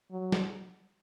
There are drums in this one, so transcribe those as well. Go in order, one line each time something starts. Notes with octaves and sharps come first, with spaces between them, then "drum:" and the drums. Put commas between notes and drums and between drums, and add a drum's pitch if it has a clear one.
F#3
drum: snare